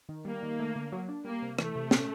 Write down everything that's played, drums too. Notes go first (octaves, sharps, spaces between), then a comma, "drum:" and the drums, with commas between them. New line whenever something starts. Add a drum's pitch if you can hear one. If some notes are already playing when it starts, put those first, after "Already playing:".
D#3
G3 A#3
D#3
A3
D3
F#3
D4
G3 A#3
C3
E3 A3, drum: rim click
C3
C#4, drum: snare